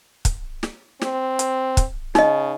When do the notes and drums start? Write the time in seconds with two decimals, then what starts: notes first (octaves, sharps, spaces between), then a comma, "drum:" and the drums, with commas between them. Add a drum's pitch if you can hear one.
0.25 drum: kick, hi-hat
0.63 drum: snare
1.02 C4, drum: snare
1.39 drum: hi-hat
1.77 drum: kick, hi-hat
2.15 C#3 D#4 D#5, drum: snare